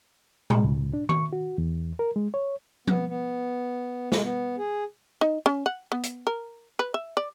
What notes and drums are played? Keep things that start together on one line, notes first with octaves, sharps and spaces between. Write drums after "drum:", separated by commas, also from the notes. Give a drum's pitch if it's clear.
G#3, drum: tom A2
C#2
D4
C#6, drum: tom D#3
F#4
E2
A#4
G#3
C#5
B3, drum: tom F3
B3
G#3, drum: snare
B3
G#4
D#4
C#4
F#5
B3
drum: hi-hat
A#4
B4
E5
D5